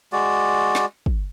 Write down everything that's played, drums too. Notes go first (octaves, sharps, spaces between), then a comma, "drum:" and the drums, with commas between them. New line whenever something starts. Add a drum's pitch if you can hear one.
G#3 F#4 D5
drum: snare
drum: kick